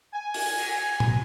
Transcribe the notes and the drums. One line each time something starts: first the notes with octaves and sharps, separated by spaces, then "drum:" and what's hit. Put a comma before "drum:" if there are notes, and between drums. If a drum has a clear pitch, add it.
G#5
drum: open hi-hat
drum: cymbal
drum: tom